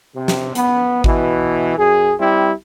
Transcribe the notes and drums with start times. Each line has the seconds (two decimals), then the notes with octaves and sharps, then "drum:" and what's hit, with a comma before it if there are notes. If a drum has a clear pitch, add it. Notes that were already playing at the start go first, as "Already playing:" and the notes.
0.14 C3
0.28 drum: snare
0.55 B3, drum: hi-hat
1.04 B2 E3, drum: kick G#1
1.77 F#2 G#4
2.19 G3 C4 E4